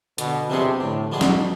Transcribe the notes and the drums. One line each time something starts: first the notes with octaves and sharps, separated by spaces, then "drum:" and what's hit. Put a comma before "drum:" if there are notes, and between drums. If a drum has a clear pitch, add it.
B2 D3, drum: hi-hat
C3 F3 B3 D4 G#4
A2 D3
B2 F3 B3 D4 G#4
drum: snare